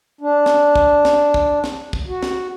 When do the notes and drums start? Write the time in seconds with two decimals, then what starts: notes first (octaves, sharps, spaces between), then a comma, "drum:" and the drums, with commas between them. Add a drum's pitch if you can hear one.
0.21 D4
0.46 drum: snare
0.76 drum: kick
1.05 drum: snare
1.34 drum: kick
1.64 drum: snare
1.93 drum: kick
2.08 F#4
2.23 drum: snare